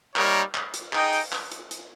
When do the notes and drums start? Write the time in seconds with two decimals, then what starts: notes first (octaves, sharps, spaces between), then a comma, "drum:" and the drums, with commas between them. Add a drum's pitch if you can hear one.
0.16 G3 A#3 D#4 A#4 C#5, drum: clap
0.54 drum: clap
0.74 drum: hi-hat
0.93 D#4 G#4 D#5 G5, drum: clap
1.13 drum: open hi-hat
1.32 drum: clap
1.52 drum: hi-hat
1.71 drum: hi-hat